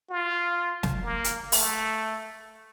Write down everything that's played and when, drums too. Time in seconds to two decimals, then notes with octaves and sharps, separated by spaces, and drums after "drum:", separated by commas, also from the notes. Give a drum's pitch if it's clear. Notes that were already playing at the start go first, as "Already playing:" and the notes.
0.10 F4
0.83 drum: snare
1.04 A#3
1.24 drum: hi-hat
1.52 A3, drum: open hi-hat